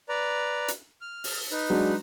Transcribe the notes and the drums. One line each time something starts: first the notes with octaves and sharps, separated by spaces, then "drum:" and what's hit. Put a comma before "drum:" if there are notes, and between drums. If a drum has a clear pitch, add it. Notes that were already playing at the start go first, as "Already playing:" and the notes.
B4 D5 A#5
drum: hi-hat
F6
drum: open hi-hat
D#4 B4
F#3 G#3 D4